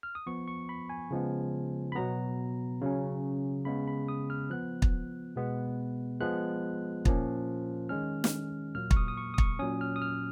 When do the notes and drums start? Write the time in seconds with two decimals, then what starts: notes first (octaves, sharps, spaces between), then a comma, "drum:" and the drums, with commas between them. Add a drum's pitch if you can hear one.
0.03 F6
0.15 D#6
0.26 F3 B3 C#6
0.48 C#6
0.69 B5
0.90 G#5
1.11 C#3 F3 G#3 B3
1.92 B5
1.95 B2 F#3 B3 A#5
2.81 C#3 F#3 C#4
3.65 C#3 G#3 B3 B5
3.87 B5
4.08 D#6
4.30 F6
4.50 F3 B3 F#6
4.82 drum: kick
5.36 B2 G#3 B3
6.21 F3 G#3 B3 F#6
7.05 A#2 F3 A#3 C#4, drum: kick
7.89 D#3 G#3 C#4 F6
8.24 drum: snare
8.75 A#2 F#3 A#3 F6
8.91 C#6, drum: kick
8.97 D#6
9.08 D#6
9.17 C#6
9.34 D#6
9.38 C#6, drum: kick
9.59 A#2 F#3 C#4 D#6
9.81 F6
9.96 D#6
10.02 F6